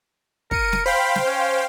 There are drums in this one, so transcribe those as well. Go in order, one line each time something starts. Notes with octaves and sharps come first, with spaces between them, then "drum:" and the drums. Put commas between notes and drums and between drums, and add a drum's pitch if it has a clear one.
A#4 C#7 D#7, drum: kick
drum: snare
C5 F5 G5 B5
drum: snare
C#4